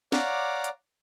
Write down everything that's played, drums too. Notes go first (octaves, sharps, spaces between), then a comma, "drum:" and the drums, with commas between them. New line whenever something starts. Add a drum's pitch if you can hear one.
C#5 D5 F5 F#5 A#5 D6, drum: snare
drum: hi-hat